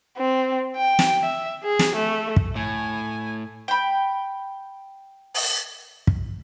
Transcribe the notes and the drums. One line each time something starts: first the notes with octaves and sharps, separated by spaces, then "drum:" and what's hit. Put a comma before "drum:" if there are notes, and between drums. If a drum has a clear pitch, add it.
C4
G5
drum: snare
E5
G#4
drum: snare
A3
drum: kick
A2 G#5
G5 B5
drum: open hi-hat
drum: kick